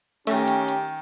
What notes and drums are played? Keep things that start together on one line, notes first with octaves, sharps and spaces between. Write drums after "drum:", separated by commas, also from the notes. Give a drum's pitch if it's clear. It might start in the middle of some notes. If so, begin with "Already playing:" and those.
D#3 A3 C#4 G4, drum: open hi-hat
drum: hi-hat
drum: hi-hat